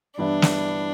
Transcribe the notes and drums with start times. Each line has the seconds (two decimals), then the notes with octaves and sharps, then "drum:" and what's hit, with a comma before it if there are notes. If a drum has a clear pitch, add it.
0.18 G2 E3 G3 B3 D4 E4
0.42 drum: snare